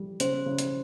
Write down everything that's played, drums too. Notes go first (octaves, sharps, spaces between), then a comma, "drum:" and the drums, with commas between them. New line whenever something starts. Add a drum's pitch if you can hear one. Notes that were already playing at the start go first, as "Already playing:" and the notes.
Already playing: G3
C#3 C5, drum: hi-hat
C#3
drum: hi-hat